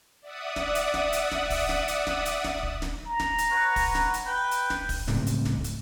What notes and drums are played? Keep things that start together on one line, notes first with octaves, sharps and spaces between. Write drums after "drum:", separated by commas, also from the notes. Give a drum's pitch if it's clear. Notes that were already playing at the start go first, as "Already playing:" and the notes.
D5 E5 F#5 D#6
drum: snare
drum: hi-hat
drum: snare
drum: hi-hat
drum: snare
drum: kick, open hi-hat
drum: snare
drum: hi-hat
drum: snare
drum: hi-hat
drum: snare
drum: kick
drum: snare
A#5
drum: snare
drum: hi-hat
B4 C#5 F#5
drum: kick, open hi-hat
drum: snare
drum: hi-hat
B4 G5 B5
drum: hi-hat
drum: snare
drum: kick, open hi-hat
C#2 A2 G3 C4, drum: snare
drum: hi-hat
drum: snare
drum: hi-hat